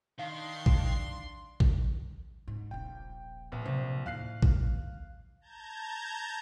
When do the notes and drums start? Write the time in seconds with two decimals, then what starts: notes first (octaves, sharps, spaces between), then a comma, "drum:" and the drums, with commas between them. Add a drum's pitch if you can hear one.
0.19 D#3 D4 F5 C6
0.66 drum: kick
1.60 drum: kick
2.48 G#2
2.71 D#1 A#1 G5
3.52 A#1 A#2 B3
3.65 A#1 C3 F#3 C5
4.06 D#2 A2 F5 F#6 C7
4.42 drum: kick
5.41 A5 A#5 G6 G#6